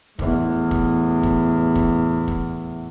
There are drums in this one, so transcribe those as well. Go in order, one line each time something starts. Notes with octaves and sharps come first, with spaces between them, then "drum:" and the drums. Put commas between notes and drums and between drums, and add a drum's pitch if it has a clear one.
E2 A2, drum: kick
drum: kick
drum: kick
drum: kick
drum: kick